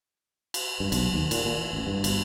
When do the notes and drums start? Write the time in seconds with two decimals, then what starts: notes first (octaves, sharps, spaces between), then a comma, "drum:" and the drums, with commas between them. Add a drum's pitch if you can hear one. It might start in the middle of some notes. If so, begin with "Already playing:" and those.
0.54 drum: cymbal
0.80 G2
0.92 B1, drum: cymbal
1.14 D#2
1.31 A#2, drum: cymbal
1.45 A#2
1.58 E3
1.73 A1
1.87 G2
2.04 G1, drum: cymbal